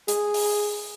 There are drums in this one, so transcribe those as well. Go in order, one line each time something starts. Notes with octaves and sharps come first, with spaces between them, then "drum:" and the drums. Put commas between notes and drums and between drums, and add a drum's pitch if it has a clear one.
G#4, drum: hi-hat
drum: open hi-hat